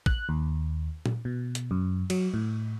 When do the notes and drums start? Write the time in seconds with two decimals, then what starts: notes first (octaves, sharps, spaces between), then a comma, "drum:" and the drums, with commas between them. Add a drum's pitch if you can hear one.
0.06 F#6, drum: kick
0.29 D#2
1.06 drum: tom A#2
1.25 B2
1.55 drum: hi-hat
1.71 F#2
2.10 F#3, drum: cymbal
2.34 A2